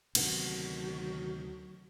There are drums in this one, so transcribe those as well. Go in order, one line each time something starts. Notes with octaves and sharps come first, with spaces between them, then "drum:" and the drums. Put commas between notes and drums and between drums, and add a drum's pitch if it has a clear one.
D2 C3 D#3 F#3 B3, drum: cymbal